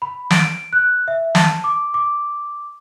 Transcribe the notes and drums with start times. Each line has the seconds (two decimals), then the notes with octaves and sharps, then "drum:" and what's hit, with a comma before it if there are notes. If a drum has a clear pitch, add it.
0.02 B5
0.31 D7, drum: snare
0.73 F#6
1.08 E5
1.35 A5, drum: snare
1.64 D6
1.94 D6